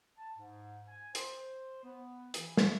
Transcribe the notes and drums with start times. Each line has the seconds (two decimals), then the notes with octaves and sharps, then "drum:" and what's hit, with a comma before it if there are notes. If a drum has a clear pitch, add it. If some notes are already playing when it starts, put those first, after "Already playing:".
0.18 A5
0.37 G#2
0.88 G#5
1.15 C5, drum: hi-hat
1.84 B3
2.34 E3, drum: hi-hat
2.57 A3, drum: snare